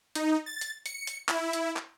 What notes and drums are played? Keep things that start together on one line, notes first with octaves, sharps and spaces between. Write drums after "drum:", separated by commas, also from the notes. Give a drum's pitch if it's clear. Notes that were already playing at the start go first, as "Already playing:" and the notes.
D#4, drum: hi-hat
A6
drum: hi-hat
C#7, drum: hi-hat
drum: hi-hat
E4, drum: clap
drum: hi-hat
drum: clap